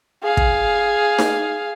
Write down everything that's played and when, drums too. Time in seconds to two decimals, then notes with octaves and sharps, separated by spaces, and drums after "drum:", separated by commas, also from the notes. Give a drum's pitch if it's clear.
0.23 G#4 F5
0.37 drum: kick
1.18 drum: snare D#4